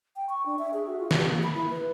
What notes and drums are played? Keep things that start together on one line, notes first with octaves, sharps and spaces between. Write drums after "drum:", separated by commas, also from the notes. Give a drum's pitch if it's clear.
G5
C#6
D4
E5
G#4
F#4
F4
G4, drum: snare
A#3
B5
E4
B4